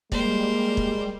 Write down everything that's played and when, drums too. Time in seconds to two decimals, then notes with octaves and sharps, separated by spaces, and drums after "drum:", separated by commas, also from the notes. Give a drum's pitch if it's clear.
0.12 G3 G#3 A#3 A#4 C5, drum: kick
0.77 drum: kick